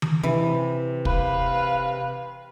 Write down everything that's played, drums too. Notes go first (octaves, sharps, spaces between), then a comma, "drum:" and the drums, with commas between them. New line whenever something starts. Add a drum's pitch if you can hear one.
drum: tom D#3
C3 E3
B4 F5, drum: kick